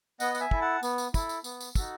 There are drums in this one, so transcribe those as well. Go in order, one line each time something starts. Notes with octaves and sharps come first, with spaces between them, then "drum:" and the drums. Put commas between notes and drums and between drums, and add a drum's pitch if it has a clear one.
B3 D#5 F#5, drum: tambourine
F#5, drum: tambourine
E5 G#5
E4 A4, drum: kick
F#5 A5
B3, drum: tambourine
drum: tambourine
E4 A4, drum: kick, tambourine
drum: tambourine
B3, drum: tambourine
drum: tambourine
D#4 F#4 A4, drum: kick, tambourine